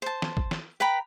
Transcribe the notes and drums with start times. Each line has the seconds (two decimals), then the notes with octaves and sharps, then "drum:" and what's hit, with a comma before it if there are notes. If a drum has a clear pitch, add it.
0.02 C5 A5
0.22 drum: snare
0.37 drum: kick
0.51 drum: snare
0.80 B4 G5 A#5 B5